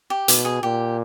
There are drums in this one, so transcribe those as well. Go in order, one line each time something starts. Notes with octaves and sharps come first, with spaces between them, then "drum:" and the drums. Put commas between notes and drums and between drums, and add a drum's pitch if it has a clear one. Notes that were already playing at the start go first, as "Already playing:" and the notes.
G4
B2, drum: hi-hat
G#4
A#2 G4